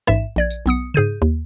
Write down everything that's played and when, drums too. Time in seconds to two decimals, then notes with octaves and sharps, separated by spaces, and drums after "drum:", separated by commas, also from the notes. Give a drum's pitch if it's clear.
0.07 A1 G#2 E5 E7, drum: rim click
0.36 A#1 D5 G#6
0.50 drum: tambourine
0.66 B1 B3 D#6 C#7
0.94 G#2 G#4 G6 D#7, drum: tom C#3
1.22 D#2